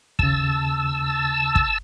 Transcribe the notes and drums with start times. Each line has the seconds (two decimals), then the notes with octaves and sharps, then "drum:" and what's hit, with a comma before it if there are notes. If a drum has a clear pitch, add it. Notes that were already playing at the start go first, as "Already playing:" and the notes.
0.19 D#2 C#3 A5 E6, drum: kick
1.55 drum: kick